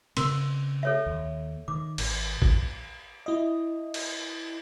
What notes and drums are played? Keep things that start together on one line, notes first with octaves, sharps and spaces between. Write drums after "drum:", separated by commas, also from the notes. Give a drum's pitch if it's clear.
C#3 C4 A#4 C6, drum: cymbal
A4 C#5 E5
D#2
D#3 D6
G#1, drum: cymbal
drum: kick A1
E4 D#5
drum: cymbal